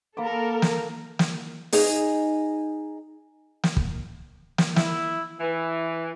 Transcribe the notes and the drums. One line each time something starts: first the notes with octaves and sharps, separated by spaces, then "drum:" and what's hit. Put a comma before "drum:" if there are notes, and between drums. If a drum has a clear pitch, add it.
A#3 A4 A#4 B5 D6
drum: snare
drum: snare
D#4 G#4 D#5 G#5, drum: open hi-hat
drum: snare
drum: kick
drum: snare
E4, drum: snare
E3